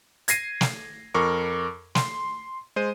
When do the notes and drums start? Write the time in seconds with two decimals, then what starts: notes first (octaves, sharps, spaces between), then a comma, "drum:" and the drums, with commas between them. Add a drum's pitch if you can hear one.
0.28 G#6 A#6 C7 D#7, drum: hi-hat
0.61 drum: snare
1.14 F2 A#4 C#6 D6
1.95 C6, drum: snare
2.76 G#3 C5 D#7